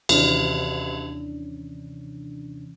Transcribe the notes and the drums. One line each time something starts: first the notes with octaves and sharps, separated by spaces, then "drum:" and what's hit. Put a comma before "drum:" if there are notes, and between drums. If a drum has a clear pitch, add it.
D#2 C3 E3 C#4 D4, drum: cymbal